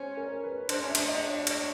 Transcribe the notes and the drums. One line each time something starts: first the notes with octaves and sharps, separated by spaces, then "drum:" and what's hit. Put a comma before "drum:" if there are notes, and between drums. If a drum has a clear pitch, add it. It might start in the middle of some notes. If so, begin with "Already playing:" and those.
Already playing: C#4 C5
A#4
B4
D4 C5, drum: cymbal
C#4
E5
D4, drum: cymbal
D#5
C#5
C#5, drum: cymbal